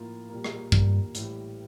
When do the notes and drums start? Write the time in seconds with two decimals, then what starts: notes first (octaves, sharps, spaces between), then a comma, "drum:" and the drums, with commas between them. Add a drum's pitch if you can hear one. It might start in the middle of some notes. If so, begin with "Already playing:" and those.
Already playing: A2 F3 A#3 F4
0.29 A#2 G3 A#3
0.44 drum: rim click
0.72 G2, drum: kick
1.15 A1 A2 G3, drum: hi-hat